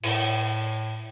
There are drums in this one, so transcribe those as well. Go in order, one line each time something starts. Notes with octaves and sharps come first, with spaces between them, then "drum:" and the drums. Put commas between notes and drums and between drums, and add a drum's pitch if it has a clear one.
A2, drum: open hi-hat